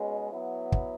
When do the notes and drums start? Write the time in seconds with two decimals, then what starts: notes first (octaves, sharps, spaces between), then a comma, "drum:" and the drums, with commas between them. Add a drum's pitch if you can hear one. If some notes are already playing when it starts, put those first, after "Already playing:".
Already playing: B2 G#3 C#4
0.31 F#3 B3 E4
0.72 drum: kick